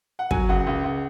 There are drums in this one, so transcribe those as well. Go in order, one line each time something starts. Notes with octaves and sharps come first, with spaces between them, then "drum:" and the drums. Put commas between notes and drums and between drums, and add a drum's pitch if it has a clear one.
F#5
F#3 G#5, drum: kick
C#2 F#5
C#2
C#2